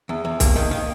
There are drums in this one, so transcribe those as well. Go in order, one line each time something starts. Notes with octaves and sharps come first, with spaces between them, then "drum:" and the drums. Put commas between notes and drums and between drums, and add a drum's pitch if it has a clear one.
E2
E2
G2 A#3, drum: kick B1, hi-hat
D#3
D#3